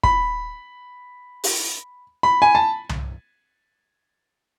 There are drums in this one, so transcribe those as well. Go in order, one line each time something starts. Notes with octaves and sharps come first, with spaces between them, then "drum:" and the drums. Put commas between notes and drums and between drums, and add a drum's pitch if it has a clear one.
B5, drum: kick
drum: open hi-hat
B5
G#5
A5
drum: tom C2